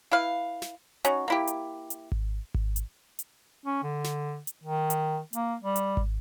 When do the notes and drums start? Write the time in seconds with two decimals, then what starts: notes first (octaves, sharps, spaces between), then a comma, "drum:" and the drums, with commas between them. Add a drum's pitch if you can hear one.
0.11 E4 B4 F5
0.62 drum: snare
1.05 C#4 D#4 F#4, drum: hi-hat
1.28 A#3 E4 G4
1.47 drum: hi-hat
1.90 drum: hi-hat
2.12 drum: kick G#1
2.54 drum: kick G#1
2.76 drum: hi-hat
3.19 drum: hi-hat
3.66 C#4
3.83 D3
4.04 drum: snare
4.47 drum: hi-hat
4.63 D#3
4.90 drum: hi-hat
5.33 A#3, drum: hi-hat
5.62 G3
5.76 drum: hi-hat
5.97 drum: kick G#1